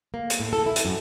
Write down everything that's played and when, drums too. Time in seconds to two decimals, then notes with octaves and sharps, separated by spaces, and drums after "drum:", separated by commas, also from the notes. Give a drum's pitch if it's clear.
0.14 A#3
0.30 drum: hi-hat
0.40 A2
0.53 A4
0.66 E4
0.76 drum: hi-hat
0.85 F#2